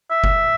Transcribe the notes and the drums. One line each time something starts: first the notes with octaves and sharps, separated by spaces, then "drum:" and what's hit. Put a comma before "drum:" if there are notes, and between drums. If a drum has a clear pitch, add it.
E5
drum: kick F#1